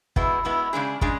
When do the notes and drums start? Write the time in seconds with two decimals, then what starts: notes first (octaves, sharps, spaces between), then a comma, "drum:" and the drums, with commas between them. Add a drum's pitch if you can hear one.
0.16 B2 G#3 B3 E4, drum: kick
0.45 B2 G#3 B3 E4
0.73 C#3 G#3 D4 G#4
1.01 C#3 G#3 D4 G#4, drum: kick